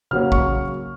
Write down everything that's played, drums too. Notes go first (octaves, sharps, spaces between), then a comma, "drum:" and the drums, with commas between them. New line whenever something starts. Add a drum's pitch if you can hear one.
C#3 F#3 A#3 C#4 F6
C#6, drum: kick